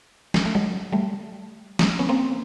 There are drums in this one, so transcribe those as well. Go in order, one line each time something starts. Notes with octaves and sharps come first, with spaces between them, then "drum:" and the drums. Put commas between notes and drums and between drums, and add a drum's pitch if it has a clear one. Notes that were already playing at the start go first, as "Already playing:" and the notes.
G#3, drum: snare
A3
F#3 G#3
G3 A3
G#3 A#3, drum: snare
B3 C#4
A#3 C4